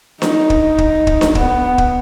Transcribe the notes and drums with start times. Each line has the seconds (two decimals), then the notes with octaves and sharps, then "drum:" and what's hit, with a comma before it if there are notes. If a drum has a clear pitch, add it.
0.22 D#4, drum: snare D4
0.50 drum: kick
0.78 drum: kick
1.07 drum: kick
1.21 drum: snare D4
1.35 B3, drum: kick
1.78 drum: kick